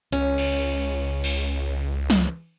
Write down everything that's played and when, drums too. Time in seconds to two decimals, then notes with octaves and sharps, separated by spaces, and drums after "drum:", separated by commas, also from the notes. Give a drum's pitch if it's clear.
0.12 C#2 C#4, drum: hi-hat
0.38 drum: cymbal
1.24 drum: cymbal
2.10 drum: snare